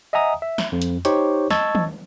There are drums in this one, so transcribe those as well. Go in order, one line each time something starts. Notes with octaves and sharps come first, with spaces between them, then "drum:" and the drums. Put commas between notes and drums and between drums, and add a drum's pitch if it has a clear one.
D#5 E5 F#5 G#5 A#5 D#6
E5
drum: snare
F2
drum: hi-hat
D#4 G4 C5 C#5 C#6, drum: hi-hat
D#5 A5 C#6 E6 G#6 A6, drum: snare
drum: tom D#3